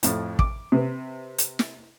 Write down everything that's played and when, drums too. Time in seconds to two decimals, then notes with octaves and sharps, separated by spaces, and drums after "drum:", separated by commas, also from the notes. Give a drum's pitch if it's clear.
0.03 F2 A2, drum: hi-hat
0.39 D6, drum: kick
0.72 C3 B4
1.38 drum: hi-hat
1.59 drum: snare